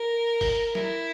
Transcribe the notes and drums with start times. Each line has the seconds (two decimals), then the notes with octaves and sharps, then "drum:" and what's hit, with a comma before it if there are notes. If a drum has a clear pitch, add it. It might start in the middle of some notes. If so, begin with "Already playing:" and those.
Already playing: A#4
0.41 drum: kick G1, open hi-hat
0.75 E4, drum: snare